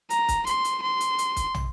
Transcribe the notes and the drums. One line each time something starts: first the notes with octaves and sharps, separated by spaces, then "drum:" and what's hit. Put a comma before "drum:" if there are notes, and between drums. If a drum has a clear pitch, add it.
A#5, drum: hi-hat
drum: kick, hi-hat
C6, drum: hi-hat
drum: hi-hat
C6
drum: hi-hat
drum: hi-hat
drum: kick, hi-hat
drum: tom